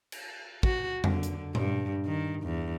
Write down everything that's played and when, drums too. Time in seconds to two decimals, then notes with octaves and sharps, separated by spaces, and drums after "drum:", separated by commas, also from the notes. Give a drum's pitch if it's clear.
0.12 drum: cymbal
0.63 F#4, drum: kick
1.04 D3, drum: tom F2
1.23 drum: hi-hat
1.55 G2, drum: tom A#2
2.06 D#3
2.43 E2